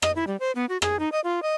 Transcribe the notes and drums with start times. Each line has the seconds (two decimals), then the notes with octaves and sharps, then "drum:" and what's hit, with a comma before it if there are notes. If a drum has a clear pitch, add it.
0.02 D#5, drum: rim click
0.16 E4
0.27 G3
0.40 C5
0.55 B3
0.69 F#4
0.82 G#4, drum: rim click
0.99 D#4
1.12 D#5
1.24 F4
1.42 D#5